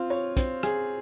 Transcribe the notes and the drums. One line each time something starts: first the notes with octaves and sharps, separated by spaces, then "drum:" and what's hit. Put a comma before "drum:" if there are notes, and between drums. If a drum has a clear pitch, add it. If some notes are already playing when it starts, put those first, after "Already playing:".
Already playing: C4 F4
C#5
C4, drum: kick, hi-hat
G#4, drum: rim click